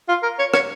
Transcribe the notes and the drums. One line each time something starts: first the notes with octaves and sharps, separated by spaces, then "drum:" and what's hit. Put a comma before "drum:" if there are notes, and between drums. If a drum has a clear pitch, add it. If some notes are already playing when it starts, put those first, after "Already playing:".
F4
A#4
C#5
C#5, drum: rim click